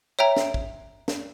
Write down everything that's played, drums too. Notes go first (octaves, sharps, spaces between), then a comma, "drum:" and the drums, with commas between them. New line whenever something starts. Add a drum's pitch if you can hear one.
C#5 E5 G5 A#5
drum: snare
drum: kick
drum: snare